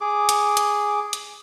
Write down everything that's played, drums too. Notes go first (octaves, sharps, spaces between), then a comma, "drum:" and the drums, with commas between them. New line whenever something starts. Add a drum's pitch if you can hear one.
G#4 D6
drum: hi-hat
drum: hi-hat
drum: hi-hat